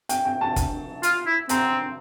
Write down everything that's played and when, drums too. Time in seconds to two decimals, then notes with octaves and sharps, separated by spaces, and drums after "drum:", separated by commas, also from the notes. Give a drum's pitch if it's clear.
0.09 G5, drum: hi-hat
0.25 G5
0.41 A5
0.56 drum: kick F#1, hi-hat
1.03 F4, drum: hi-hat
1.26 E4
1.49 C4 A#5, drum: hi-hat